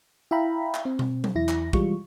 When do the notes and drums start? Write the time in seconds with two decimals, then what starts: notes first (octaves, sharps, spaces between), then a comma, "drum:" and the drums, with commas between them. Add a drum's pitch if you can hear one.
0.31 E4 E5 F5 G5 A#5 B5
0.74 drum: clap
0.85 C4
0.99 drum: tom B2
1.24 drum: tom F#3
1.35 E2 E4 A#6
1.49 drum: clap
1.73 E3 G3 G#3 F4 C#6, drum: kick